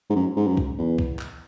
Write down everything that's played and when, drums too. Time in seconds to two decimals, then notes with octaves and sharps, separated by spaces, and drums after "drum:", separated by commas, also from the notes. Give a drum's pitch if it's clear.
0.10 G#2
0.15 F#2
0.36 G#2
0.47 F#2
0.57 drum: kick C2
0.78 E2
0.98 drum: kick C2
1.19 drum: clap